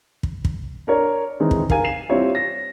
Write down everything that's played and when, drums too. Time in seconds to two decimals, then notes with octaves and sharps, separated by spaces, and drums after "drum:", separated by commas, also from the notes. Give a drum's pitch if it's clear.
0.23 drum: kick
0.45 drum: kick
0.87 D4 A#4 C#5
1.40 D#3 E3 G#3 C4 D#4
1.51 drum: kick
1.70 A#4 F5 G#5, drum: kick
1.84 C7 E7
2.09 G3 C4 E4 F4 C#5 E5
2.35 A#6